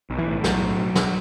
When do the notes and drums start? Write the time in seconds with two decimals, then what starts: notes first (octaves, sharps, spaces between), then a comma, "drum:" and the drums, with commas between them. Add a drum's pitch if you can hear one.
0.10 B1
0.18 E3
0.27 A2
0.44 B1 F#3, drum: snare
0.61 A2
0.79 B1
0.95 drum: snare